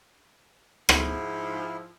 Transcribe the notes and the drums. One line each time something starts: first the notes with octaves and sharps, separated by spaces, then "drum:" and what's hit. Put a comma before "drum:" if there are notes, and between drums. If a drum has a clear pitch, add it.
G#2 F3 E4, drum: rim click